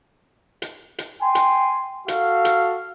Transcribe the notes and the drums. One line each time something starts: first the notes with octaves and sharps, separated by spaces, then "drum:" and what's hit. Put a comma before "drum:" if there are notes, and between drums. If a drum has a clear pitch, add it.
drum: hi-hat
drum: hi-hat
G5 G#5 C6
drum: hi-hat
F#4 A4 F5, drum: hi-hat
drum: hi-hat